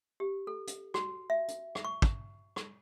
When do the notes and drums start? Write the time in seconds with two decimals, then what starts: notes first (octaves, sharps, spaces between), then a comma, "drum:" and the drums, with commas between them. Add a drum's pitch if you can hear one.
0.20 G4
0.47 A4
0.67 drum: hi-hat
0.94 F#4, drum: rim click
1.30 E5
1.48 drum: hi-hat
1.75 drum: rim click
1.85 C#6
2.02 drum: kick
2.56 drum: rim click